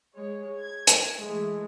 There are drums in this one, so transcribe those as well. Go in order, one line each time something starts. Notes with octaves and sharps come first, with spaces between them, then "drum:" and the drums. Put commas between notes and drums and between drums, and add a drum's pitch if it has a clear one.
G#3 C#5
G#6
drum: hi-hat
E3 G#3 A3